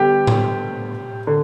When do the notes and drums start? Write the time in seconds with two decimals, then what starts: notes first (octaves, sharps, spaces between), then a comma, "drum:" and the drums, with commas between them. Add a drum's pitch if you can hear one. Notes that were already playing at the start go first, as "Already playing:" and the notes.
Already playing: D3 G3 B3 G4
0.27 drum: tom A2
1.27 D3